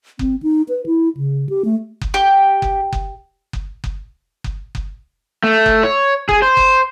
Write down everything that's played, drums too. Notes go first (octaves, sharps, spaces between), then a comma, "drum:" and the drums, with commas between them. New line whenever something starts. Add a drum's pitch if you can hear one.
C4, drum: kick F#1
D#4
B4
E4
C#3
G4
A3
drum: kick F#1
G4
drum: kick F#1
drum: kick F#1
drum: kick F#1
drum: kick F#1
drum: kick F#1
drum: kick F#1
A3
drum: kick F#1
C#5
G#4, drum: kick F#1
C5
drum: kick F#1